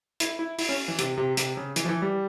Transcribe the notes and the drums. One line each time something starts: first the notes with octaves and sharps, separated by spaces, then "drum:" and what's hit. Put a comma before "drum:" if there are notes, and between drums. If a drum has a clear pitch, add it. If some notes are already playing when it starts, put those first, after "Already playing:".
E4, drum: hi-hat
E4
E4, drum: open hi-hat
C#4
E3
C3, drum: hi-hat
C3
C3, drum: hi-hat
C#3
E3, drum: hi-hat
F3
E3
G3